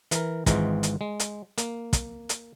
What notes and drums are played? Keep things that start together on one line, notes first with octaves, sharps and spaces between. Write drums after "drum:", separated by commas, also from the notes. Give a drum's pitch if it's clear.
E3 A#4, drum: hi-hat
G#1 G#2 E3 G#3 F4 A#5, drum: kick, hi-hat
drum: hi-hat
G#3
drum: hi-hat
A#3, drum: hi-hat
drum: kick, hi-hat
drum: hi-hat